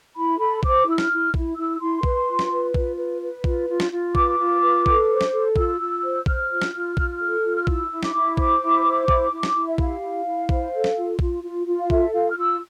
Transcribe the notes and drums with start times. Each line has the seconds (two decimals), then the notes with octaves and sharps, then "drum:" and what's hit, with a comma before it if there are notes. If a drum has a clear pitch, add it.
0.16 E4 B5
0.39 A4 B5
0.63 C5 D6, drum: kick A#1
0.86 E4 E6
0.98 F6, drum: snare
1.10 E4
1.34 E4, drum: kick A#1
1.56 E4 E6
1.80 E4 C6
2.03 B4, drum: kick A#1
2.27 F4
2.39 drum: snare
2.51 B4
2.74 F4, drum: kick A#1
2.97 B4
3.21 B4
3.44 F4, drum: kick A#1
3.69 F4
3.80 drum: snare
3.91 F4
4.15 B4 D6, drum: kick A#1
4.39 F4
4.62 B4
4.86 A4, drum: kick A#1
5.09 C5
5.21 drum: snare
5.32 A4
5.56 F4 E6, drum: kick A#1
5.79 F4
6.02 C5
6.26 C5 F6, drum: kick A#1
6.50 F4
6.62 drum: snare
6.73 F4
6.97 F4, drum: kick A#1
7.20 A4
7.44 F4
7.56 F6
7.67 E4 E6, drum: kick A#1
7.91 E4
8.03 D6, drum: snare
8.15 E4
8.37 C5 D6, drum: kick A#1
8.62 E4
8.84 C5
9.08 E4, drum: kick A#1
9.32 E4
9.43 drum: snare
9.55 E4
9.68 E5
9.78 G4 F5, drum: kick A#1
10.02 E4
10.26 E4
10.49 C5, drum: kick A#1
10.73 A4
10.84 drum: snare
10.96 F4
11.19 F4, drum: kick A#1
11.43 F4
11.66 F4
11.78 F5
11.90 A4 E5, drum: kick A#1
12.13 F4 F5
12.30 F6
12.37 F4 E6